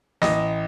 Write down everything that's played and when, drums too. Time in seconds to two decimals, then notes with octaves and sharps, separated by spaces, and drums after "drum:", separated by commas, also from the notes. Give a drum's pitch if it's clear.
0.22 A1 D#5, drum: snare